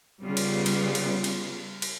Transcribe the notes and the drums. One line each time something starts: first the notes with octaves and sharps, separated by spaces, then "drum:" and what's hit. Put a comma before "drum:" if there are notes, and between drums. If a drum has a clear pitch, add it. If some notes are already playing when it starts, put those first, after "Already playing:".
C#3 G3 B3 F4
drum: cymbal
drum: cymbal
drum: cymbal
drum: cymbal
drum: cymbal